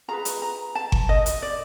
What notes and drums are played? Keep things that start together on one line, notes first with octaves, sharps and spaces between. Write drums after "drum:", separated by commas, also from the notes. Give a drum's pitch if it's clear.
F4 G#4 B4 A#5
drum: hi-hat
A#5
A5
drum: kick G1
D#5
drum: hi-hat
D5